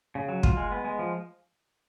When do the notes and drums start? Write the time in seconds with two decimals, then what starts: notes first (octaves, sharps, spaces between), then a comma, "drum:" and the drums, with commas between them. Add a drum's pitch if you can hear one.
0.15 C#3
0.29 F#3
0.43 F4, drum: kick
0.57 G#3
0.72 B3
0.85 G#3
0.99 F3